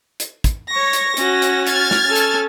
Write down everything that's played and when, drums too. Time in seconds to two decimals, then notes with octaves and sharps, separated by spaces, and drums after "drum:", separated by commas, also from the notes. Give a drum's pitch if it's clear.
0.20 drum: hi-hat
0.44 drum: kick, hi-hat
0.72 C#5 C#6 A#6
0.93 drum: hi-hat
1.17 C#4 F#4, drum: hi-hat
1.42 drum: hi-hat
1.67 F6 G#6 A6, drum: hi-hat
1.91 drum: snare
2.06 C#4 A4
2.16 drum: hi-hat